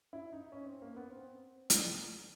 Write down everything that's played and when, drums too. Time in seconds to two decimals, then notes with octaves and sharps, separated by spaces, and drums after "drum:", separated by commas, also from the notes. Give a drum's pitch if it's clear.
0.13 E4
0.33 D#4
0.52 C#4
0.66 C4
0.82 A#3
0.96 B3
1.10 C4
1.70 drum: hi-hat